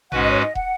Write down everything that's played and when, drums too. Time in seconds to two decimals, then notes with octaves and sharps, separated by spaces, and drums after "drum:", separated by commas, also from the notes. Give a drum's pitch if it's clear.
0.12 G#2 G#3 C#4 F#4 B4 F#5, drum: tom A1
0.22 D#5
0.30 C#5
0.40 D#5
0.55 F#5, drum: kick